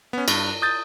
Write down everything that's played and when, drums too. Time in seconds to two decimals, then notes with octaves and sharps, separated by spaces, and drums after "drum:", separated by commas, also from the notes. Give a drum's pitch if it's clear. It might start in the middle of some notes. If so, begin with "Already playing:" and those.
0.13 B3 C#4
0.28 G2, drum: cymbal
0.62 D#6 G6 A6